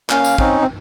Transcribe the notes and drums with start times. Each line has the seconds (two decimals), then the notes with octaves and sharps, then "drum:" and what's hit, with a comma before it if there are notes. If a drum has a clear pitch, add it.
0.10 A#3 C#4 F5, drum: clap
0.25 drum: tambourine
0.38 C4 C#4 D#4, drum: kick
0.61 C4